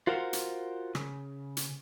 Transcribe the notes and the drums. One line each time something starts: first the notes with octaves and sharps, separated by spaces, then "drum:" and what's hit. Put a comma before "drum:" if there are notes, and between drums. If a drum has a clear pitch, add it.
F4 F#4 A#4 C5 F5 F#5
drum: hi-hat
C#3, drum: rim click
drum: hi-hat